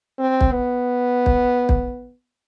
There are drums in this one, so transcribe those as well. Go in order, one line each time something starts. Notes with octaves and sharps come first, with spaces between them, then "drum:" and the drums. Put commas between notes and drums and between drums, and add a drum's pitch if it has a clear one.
C4
drum: kick
B3
drum: kick
drum: kick